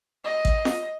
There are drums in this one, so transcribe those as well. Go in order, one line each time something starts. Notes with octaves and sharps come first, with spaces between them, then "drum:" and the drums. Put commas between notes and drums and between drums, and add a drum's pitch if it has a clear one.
D#5
drum: kick
drum: snare F4